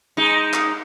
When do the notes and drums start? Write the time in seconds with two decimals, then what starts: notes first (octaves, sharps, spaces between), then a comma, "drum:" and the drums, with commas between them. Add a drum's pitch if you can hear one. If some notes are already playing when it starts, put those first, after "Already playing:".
0.17 G#3 D#4
0.53 drum: clap